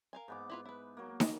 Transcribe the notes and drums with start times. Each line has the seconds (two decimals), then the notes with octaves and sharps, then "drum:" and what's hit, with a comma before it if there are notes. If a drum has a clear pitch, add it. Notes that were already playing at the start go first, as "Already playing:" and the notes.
0.13 A#4 F5 G#5
0.28 G#2 B3 D6
0.50 E4 F4 B4
0.65 E4 B4
0.97 F#3 A#3
1.20 D#5, drum: snare